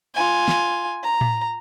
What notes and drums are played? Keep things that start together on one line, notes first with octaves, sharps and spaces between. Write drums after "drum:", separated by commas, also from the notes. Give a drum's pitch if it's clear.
F4 G#5
drum: snare
A#5
drum: tom A2